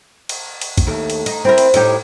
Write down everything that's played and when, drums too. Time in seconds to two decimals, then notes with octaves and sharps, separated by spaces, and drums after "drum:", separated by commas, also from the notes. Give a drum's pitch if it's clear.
0.29 drum: cymbal
0.61 drum: cymbal
0.77 drum: kick, cymbal
0.87 D#2 A3
1.10 drum: cymbal
1.26 D#4, drum: cymbal
1.45 C4 E4 A#4
1.58 drum: cymbal
1.74 A2 D#4 G4, drum: cymbal